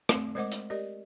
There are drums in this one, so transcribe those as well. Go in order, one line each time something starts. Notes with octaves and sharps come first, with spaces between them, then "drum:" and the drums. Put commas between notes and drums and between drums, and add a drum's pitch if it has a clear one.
A3 C4, drum: rim click
G#3 A#4 C5 D#5 F#5 D6
drum: hi-hat
G4 A#4 D5 D#5